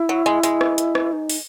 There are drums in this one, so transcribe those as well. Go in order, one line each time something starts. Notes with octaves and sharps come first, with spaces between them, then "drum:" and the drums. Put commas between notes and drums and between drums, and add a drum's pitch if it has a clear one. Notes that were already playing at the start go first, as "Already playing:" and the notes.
Already playing: E4
F#3
G#3
G#3, drum: hi-hat
drum: rim click
drum: hi-hat
drum: rim click
D#4
drum: open hi-hat